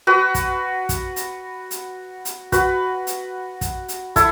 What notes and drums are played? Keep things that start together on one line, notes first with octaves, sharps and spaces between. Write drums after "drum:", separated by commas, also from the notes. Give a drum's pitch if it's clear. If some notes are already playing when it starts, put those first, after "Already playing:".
F#4 B4
drum: kick, hi-hat
drum: kick, hi-hat
drum: hi-hat
drum: hi-hat
drum: hi-hat
F#4 B4, drum: kick, hi-hat
drum: hi-hat
drum: kick, hi-hat
drum: hi-hat
E4 A4, drum: kick, hi-hat